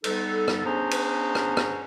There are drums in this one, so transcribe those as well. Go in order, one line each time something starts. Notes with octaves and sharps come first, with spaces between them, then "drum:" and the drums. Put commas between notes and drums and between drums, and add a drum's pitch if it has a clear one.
G3 B3 D#4 A4, drum: cymbal
drum: rim click
B3 C#4 D4 G#4 C5 A#5
drum: cymbal
drum: rim click
drum: rim click